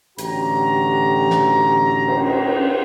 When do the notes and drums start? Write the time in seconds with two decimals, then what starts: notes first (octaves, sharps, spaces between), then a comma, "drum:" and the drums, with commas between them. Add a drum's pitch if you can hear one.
0.18 A1 D3 F#4 G4 A#5, drum: hi-hat
1.30 drum: snare
2.08 drum: cymbal
2.31 drum: cymbal